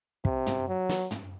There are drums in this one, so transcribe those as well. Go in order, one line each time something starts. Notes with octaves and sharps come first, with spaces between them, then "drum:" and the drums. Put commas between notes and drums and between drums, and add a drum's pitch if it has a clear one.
C3, drum: kick
drum: tom
F#3
drum: snare
drum: tom